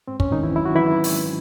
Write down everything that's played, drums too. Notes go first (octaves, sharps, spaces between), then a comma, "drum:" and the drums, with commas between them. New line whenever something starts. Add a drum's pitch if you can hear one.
G#2 C4
C#4, drum: kick
G#2 D#3 D#4
E3 E4
F#3 E4
F#4
E3 F#3 E4
G#2, drum: open hi-hat